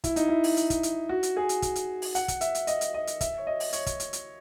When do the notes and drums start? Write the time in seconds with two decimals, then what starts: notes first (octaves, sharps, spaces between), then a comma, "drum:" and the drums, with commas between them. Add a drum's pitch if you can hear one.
0.04 E4, drum: kick, hi-hat
0.16 D#4, drum: hi-hat
0.29 E4
0.44 drum: open hi-hat
0.57 drum: hi-hat
0.70 drum: kick, hi-hat
0.83 drum: hi-hat
1.09 F#4
1.23 drum: hi-hat
1.36 G#4
1.49 drum: hi-hat
1.62 drum: kick, hi-hat
1.76 drum: hi-hat
2.02 drum: open hi-hat
2.15 F#5, drum: hi-hat
2.28 drum: kick, hi-hat
2.41 E5, drum: hi-hat
2.55 drum: hi-hat
2.67 D#5, drum: hi-hat
2.81 drum: hi-hat
2.94 D#5
3.07 drum: hi-hat
3.21 E5, drum: kick, hi-hat
3.38 C#5
3.47 D#5
3.60 drum: open hi-hat
3.73 C#5, drum: hi-hat
3.86 drum: kick, hi-hat
4.00 drum: hi-hat
4.13 drum: hi-hat